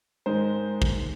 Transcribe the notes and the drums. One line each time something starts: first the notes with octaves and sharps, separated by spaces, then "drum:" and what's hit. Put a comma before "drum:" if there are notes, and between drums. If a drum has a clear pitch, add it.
G#2 D#3 G#3 C5
drum: kick